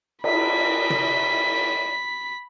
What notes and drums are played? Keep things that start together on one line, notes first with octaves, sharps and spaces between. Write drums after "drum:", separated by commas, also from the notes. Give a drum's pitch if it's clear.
B5 B6, drum: cymbal
drum: tom